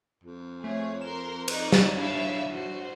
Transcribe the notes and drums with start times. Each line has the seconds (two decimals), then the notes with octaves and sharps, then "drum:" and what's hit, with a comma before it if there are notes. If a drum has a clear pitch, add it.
0.24 F2
0.64 A3 G#4 C#5
1.01 A#4 C6 E7
1.48 D#4 B4 D5, drum: cymbal
1.72 drum: snare
1.97 D4 E4 E5 F5
2.50 F#4 C5